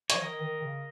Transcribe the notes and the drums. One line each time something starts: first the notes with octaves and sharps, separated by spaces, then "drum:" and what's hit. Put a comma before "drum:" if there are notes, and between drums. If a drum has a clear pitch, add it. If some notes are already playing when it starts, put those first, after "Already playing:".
F3 C#5, drum: hi-hat
D#3 A#4 D#5
D#3
C#3